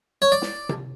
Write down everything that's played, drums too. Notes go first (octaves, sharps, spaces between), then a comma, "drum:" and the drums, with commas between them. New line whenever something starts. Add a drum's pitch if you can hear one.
C#5
D5
drum: snare
drum: tom C3